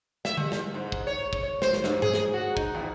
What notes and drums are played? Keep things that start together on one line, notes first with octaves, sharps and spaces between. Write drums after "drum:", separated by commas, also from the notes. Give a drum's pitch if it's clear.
E5, drum: snare
G3, drum: tom D3
drum: snare
G#2
drum: kick
C#5
drum: kick
C#5
C5, drum: snare
drum: snare
G2, drum: snare
G#4, drum: tom G#2
drum: snare
F#4
D#4, drum: kick
E2